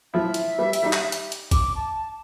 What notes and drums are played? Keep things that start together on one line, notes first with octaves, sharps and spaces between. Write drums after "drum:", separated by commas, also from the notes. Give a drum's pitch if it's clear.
F3 E4 E5
drum: hi-hat
G3 B4
drum: hi-hat
G3 D#4
drum: clap
drum: hi-hat
drum: hi-hat
D6, drum: kick A1, hi-hat
A5